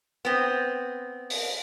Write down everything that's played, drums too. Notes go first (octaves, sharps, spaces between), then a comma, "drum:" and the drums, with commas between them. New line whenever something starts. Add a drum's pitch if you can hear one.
B3 C4
drum: open hi-hat